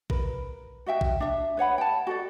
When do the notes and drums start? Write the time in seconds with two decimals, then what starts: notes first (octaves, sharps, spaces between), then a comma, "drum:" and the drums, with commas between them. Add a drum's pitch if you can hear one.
0.10 A#4 B4, drum: kick A#1
0.86 F#4 D#5 E5 G5
1.01 drum: kick A#1
1.20 D4 E5
1.57 B4 C#5 F#5 B5
1.78 G5 A5
2.07 F#4 A4 D5